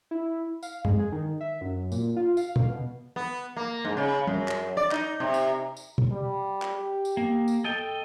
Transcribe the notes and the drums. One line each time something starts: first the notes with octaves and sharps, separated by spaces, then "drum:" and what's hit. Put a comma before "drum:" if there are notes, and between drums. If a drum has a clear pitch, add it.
E4
F5, drum: tambourine
G#3, drum: tom
G#4
D#3
E5
F#2
A#2, drum: tambourine
F4
F5, drum: tambourine
drum: tom B2
B2
B3
A#3
G#2
C#3
F#2, drum: tom
drum: clap
D5
D#4, drum: clap
C3
drum: tambourine
drum: tambourine
drum: tom B2
G3
drum: clap
G4
drum: tambourine
A#3
drum: tambourine
A4 D#5 G5